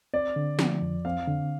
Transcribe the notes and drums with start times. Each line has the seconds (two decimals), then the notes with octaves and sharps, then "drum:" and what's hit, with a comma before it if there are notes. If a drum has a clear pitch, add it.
0.14 C4 D5
0.36 D3
0.59 F3, drum: snare
0.82 F2
1.05 C4 F5
1.27 D3